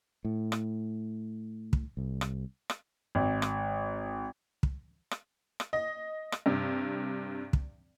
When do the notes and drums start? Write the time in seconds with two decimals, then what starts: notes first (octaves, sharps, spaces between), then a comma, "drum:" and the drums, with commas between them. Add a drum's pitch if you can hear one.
0.25 A2
0.52 drum: rim click
1.73 drum: kick
1.97 C2
2.21 drum: rim click
2.70 drum: rim click
3.15 G#1
3.42 drum: rim click
4.63 drum: kick
5.11 drum: rim click
5.60 drum: rim click
5.73 D#5
6.32 drum: rim click
6.46 G2 C3
7.53 drum: kick